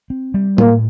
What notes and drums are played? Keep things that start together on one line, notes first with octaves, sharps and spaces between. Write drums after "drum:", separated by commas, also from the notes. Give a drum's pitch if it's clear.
C4
G3
A2 A#3, drum: tom